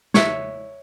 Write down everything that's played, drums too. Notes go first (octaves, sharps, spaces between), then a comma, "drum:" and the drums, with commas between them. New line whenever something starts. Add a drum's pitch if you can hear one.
C#5 E5, drum: snare